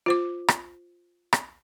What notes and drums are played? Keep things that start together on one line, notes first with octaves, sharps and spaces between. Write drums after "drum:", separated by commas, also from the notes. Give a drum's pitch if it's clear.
F4 C5 D6
drum: rim click
drum: rim click